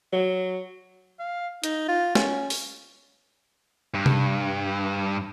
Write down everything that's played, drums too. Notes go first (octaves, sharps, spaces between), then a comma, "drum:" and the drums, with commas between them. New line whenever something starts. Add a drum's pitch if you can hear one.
F#3
F5
D#4, drum: hi-hat
F4
C#4, drum: snare
drum: open hi-hat
G2
drum: tom C3